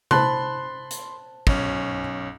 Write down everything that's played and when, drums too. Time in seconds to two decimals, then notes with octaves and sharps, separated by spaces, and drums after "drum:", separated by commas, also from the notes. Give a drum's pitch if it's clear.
0.11 C5 A5 B5 C6 F#6, drum: tom C3
0.91 drum: hi-hat
1.47 B1 C#4, drum: kick